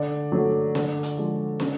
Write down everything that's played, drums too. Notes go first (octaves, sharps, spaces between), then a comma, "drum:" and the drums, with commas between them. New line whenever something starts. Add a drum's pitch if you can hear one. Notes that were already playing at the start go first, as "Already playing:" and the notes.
Already playing: D3 D5
F#3 A3
D3, drum: snare
drum: hi-hat
F3 G#3
C#3, drum: snare